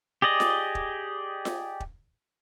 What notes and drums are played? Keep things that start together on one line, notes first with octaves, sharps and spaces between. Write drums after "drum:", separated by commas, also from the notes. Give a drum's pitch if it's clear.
G4 G#4 D5 D#5
drum: snare F4
drum: kick
drum: snare F4
drum: kick